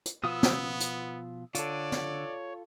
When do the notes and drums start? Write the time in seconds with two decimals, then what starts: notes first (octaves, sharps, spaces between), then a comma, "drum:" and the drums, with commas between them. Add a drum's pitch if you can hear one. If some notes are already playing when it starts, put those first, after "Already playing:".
0.06 drum: hi-hat
0.24 B2 F3 B3 F4 D#6 E6
0.43 drum: snare
0.80 drum: hi-hat
1.55 D3 F4 A4 C#5 D5, drum: hi-hat
1.92 drum: snare